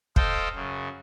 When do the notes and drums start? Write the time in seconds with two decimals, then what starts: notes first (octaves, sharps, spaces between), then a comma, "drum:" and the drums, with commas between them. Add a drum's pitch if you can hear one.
0.16 A4 C5 D#5 F5 G5, drum: kick
0.55 F#2 C#3